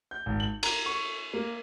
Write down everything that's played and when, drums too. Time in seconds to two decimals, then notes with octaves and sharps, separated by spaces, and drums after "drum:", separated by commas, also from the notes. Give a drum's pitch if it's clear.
0.11 G6
0.26 G#1
0.40 F#7
0.63 A#5, drum: cymbal
0.86 C#6
1.34 A#3